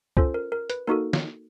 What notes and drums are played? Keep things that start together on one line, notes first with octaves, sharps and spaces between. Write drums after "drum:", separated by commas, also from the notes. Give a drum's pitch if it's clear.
C#4 F4 A4 C5, drum: kick
A#4
A#4
B4, drum: hi-hat
A#3 D#4 F#4 A4 A#4
drum: snare